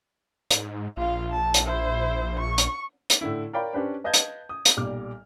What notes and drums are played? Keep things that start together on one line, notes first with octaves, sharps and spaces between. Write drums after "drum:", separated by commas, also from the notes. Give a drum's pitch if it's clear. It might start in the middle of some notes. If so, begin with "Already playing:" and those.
G#2, drum: hi-hat
A#1 F4 F5
A5
drum: hi-hat
E4 C5
C#6
drum: hi-hat
drum: hi-hat
A2 D3 E4
A#4 C#5 D5 F5 G5 B5
C#4 D4 G4 B4 C5
B4 D#5 F5 A5 G6 G#6
drum: hi-hat
D#6
drum: hi-hat
B1 A#2 G3 D6 F6